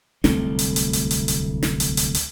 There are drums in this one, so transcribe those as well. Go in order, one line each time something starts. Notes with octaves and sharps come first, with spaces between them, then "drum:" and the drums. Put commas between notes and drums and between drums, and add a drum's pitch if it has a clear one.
D1 C2 A3 C4, drum: snare
drum: hi-hat
drum: hi-hat
drum: hi-hat
drum: hi-hat
drum: hi-hat
drum: snare
drum: hi-hat
drum: hi-hat
drum: hi-hat